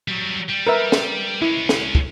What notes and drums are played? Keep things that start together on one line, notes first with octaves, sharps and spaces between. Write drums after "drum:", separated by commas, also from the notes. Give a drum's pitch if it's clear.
F#3 G3
G3
A#4 B4 E5
drum: snare
G#3 C#4 E4
drum: snare
drum: kick